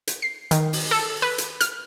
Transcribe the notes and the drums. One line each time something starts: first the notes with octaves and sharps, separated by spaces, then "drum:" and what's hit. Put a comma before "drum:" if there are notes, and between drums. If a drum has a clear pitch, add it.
drum: hi-hat
C7
D#3, drum: hi-hat
drum: open hi-hat
A4
B4
drum: hi-hat
F6, drum: hi-hat